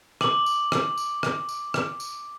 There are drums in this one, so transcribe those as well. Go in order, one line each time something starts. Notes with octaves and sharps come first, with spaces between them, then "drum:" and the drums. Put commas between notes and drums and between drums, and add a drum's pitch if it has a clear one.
D6 F#7, drum: rim click
drum: tambourine
drum: rim click
drum: tambourine
drum: rim click
drum: tambourine
drum: rim click
drum: tambourine